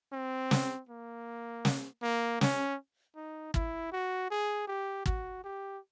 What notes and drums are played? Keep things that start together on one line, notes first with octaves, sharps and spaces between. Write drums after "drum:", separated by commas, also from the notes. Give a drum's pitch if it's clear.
C4
drum: snare
A#3
drum: snare
A#3
C#4, drum: snare
D#4
E4, drum: kick
F#4
G#4
G4
F#4, drum: kick
G4